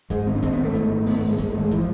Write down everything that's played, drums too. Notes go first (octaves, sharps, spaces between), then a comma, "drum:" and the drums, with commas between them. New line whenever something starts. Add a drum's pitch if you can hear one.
G#2 G#3, drum: kick, hi-hat
G#1 C4
D4
G#1 C4, drum: kick, hi-hat
B3
G#2 A3
G#2, drum: hi-hat
G#1
G#1 B3, drum: open hi-hat
A3
G#2
G#3
G#2 G#3, drum: kick, hi-hat
A3
G#1
G#3
E3, drum: kick, hi-hat
F3